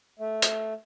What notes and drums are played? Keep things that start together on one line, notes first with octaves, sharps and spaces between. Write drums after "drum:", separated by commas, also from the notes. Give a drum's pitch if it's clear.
A3
drum: hi-hat